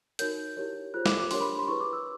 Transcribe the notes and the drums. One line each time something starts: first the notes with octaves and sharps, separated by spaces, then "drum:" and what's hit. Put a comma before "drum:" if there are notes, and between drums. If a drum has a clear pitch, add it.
D#4 F#4 A#4 C#5 G6, drum: hi-hat
E4 G4 A#4 C#5
F4 G#4 C5 F#6
D6, drum: snare
D6
D4 G4 A#4 C#5 C6, drum: open hi-hat
B5
C6
E4 G#4 B4 C#6
D6
E6